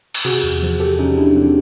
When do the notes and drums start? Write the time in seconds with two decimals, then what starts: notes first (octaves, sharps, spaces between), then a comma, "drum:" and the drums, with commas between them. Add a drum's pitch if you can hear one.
0.14 drum: cymbal
0.25 C3 F#4 G#4
0.43 E2
0.62 F3
0.80 E2 G4 A4
0.99 C3 C#4 D#4
1.17 E2 D4 E4
1.35 F3 C4 D4